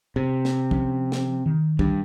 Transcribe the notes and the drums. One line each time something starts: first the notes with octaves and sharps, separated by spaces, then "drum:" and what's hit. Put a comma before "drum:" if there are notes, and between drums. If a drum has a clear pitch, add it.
C3
drum: snare
F3 C#4, drum: kick
drum: snare
D#3
G2, drum: kick